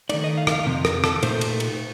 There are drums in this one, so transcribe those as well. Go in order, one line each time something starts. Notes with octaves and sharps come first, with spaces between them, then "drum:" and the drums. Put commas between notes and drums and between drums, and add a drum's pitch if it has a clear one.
D#3 A3 D#4 D5, drum: cymbal
D#5
F5
D#5, drum: rim click
F5
F2 C3
A#4, drum: rim click
A4, drum: rim click
A#2 A3 D#4 C5, drum: cymbal
drum: cymbal
drum: cymbal